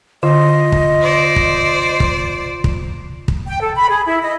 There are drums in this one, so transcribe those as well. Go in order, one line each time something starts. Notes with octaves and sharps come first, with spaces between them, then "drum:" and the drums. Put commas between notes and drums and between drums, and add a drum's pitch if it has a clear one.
D3 F4 D#5
drum: kick
C5 D5
drum: kick
drum: kick
drum: kick
drum: kick
G5
A4
B5
G#4
E4
D#5